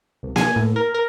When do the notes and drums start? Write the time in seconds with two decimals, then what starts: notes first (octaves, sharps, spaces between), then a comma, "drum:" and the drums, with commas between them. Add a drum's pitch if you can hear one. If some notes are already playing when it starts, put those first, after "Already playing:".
0.23 C2
0.36 G#5, drum: snare A#3
0.56 A2
0.76 A#4
0.94 A#4